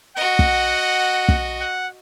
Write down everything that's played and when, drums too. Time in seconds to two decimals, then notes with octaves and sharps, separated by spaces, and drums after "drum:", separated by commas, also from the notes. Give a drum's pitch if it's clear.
0.17 F#4 D#5 F#5
0.39 drum: kick
1.29 drum: kick
1.61 F#5